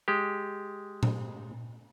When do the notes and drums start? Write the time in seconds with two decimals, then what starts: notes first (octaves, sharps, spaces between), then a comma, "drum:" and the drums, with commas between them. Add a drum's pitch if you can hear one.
0.08 G#3 G4
1.03 drum: tom A#2